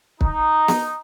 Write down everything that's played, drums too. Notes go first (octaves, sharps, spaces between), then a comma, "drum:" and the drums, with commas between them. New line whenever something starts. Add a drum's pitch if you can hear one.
D#4, drum: kick
drum: snare B3